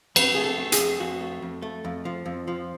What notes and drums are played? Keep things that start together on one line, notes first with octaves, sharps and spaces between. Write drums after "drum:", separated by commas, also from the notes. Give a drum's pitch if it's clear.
F2 B4, drum: cymbal
A3 G#4
A4
A3
G#4, drum: hi-hat
F2
F2 F#4
A3
F2
A3
F2
F3
F2
F3